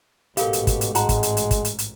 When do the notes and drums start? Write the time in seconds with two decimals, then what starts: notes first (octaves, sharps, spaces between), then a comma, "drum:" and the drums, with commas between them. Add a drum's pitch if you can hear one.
0.37 A1 G#2 B2 G4 A4 A#4 F5, drum: hi-hat
0.53 drum: hi-hat
0.67 drum: kick, hi-hat
0.81 drum: hi-hat
0.95 G#3 F#4 F#5 A5 A#5, drum: hi-hat
1.09 drum: kick, hi-hat
1.23 drum: hi-hat
1.37 drum: hi-hat
1.51 drum: kick, hi-hat
1.65 drum: hi-hat
1.79 drum: hi-hat